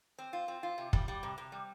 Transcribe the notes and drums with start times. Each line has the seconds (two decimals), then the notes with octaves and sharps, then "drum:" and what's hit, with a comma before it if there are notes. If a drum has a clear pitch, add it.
0.18 C4
0.33 F4
0.48 C4
0.63 F4
0.78 C3
0.93 G3, drum: kick
1.08 G3
1.23 C3
1.38 C3
1.52 G3